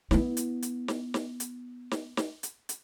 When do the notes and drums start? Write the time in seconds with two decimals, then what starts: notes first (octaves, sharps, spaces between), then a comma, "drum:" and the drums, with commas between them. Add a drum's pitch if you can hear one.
0.11 B3 E4, drum: snare
0.37 drum: hi-hat
0.62 drum: hi-hat
0.88 drum: snare
1.14 drum: snare
1.40 drum: hi-hat
1.91 drum: snare
2.17 drum: snare
2.43 drum: hi-hat
2.69 drum: hi-hat